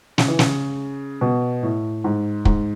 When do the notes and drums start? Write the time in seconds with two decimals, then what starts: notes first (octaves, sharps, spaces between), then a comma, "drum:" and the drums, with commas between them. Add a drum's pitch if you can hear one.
0.18 C#3, drum: snare
0.28 E3
0.39 C#3, drum: snare
1.21 B2
1.63 A2
2.04 G#2
2.45 G#2, drum: kick